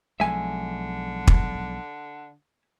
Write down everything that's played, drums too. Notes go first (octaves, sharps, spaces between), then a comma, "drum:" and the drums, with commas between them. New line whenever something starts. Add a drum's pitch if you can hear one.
B1 D3 F3 G#3 E5 G#5
drum: kick